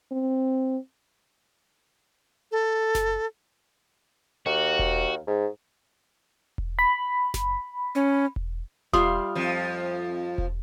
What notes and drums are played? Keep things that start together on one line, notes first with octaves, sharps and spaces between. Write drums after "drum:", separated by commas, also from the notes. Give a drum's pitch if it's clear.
C4
A4
drum: snare F#1
D#2 F#4
drum: kick E1
G#2
drum: kick E1
B5
drum: snare F#1
C#4
drum: kick E1
G3 E4 F4 F5 C6 D#6, drum: kick E1
F2 F3
drum: kick E1